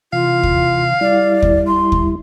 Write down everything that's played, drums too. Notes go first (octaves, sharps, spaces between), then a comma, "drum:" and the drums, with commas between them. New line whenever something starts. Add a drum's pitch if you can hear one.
C3 E3 F4 F5
drum: kick
G3 E4 D5
drum: kick
C6
drum: kick